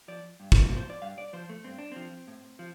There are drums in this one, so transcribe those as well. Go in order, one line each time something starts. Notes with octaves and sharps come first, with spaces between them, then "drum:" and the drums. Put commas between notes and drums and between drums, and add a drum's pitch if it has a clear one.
F3 D5
G2
drum: kick
F3
C5
D5
G2 F5
D5
F3 C5
A3
G2 C4
D4
F3 C4
A2
F3